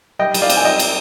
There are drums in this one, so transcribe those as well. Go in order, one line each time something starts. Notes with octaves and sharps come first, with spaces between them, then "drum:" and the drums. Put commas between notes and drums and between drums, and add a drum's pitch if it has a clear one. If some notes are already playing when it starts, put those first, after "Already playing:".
G3 D#5 G5
G3, drum: cymbal
D5 F5
C4, drum: cymbal
G#5
G3 D#5 G5
C4, drum: cymbal